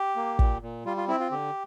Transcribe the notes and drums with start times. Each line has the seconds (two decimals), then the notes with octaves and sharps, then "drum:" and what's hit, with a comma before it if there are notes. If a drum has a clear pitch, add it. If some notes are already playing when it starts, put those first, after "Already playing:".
Already playing: G4
0.16 A#3
0.39 A#2, drum: kick
0.62 A#2
0.85 G3 F4
0.97 F4
1.08 C4 E4
1.20 F4
1.31 D3 G4